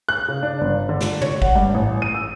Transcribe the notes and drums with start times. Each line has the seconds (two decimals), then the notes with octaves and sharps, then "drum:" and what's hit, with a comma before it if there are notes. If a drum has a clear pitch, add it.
0.09 F#6
0.28 C#3
0.43 D4
0.61 G1
0.89 D3
1.01 drum: snare
1.21 C#5, drum: tom
1.42 F#5, drum: kick
1.55 G2
1.74 A1
2.02 D#7
2.14 E6